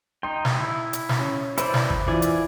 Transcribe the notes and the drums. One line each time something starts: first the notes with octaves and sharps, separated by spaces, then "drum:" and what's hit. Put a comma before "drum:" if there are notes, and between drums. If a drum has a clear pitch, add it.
D#4 G5 C6
drum: snare
E4
drum: hi-hat
drum: snare
C#4
E4 B4 C5 D5 B5, drum: hi-hat
drum: snare
drum: kick G#1
E3 F4 D5 G#5
drum: hi-hat